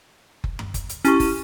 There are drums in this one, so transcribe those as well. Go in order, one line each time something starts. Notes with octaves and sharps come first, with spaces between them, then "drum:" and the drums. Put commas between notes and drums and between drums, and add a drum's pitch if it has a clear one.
drum: kick F#1
drum: tom F#2
drum: kick F#1, hi-hat
drum: hi-hat
C#4 E4 G4 C#6, drum: hi-hat
drum: kick F#1, open hi-hat